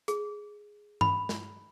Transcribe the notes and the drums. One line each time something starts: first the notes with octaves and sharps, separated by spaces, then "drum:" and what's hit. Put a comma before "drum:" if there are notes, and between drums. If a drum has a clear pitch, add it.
G#4, drum: hi-hat
B5, drum: tom G2
drum: snare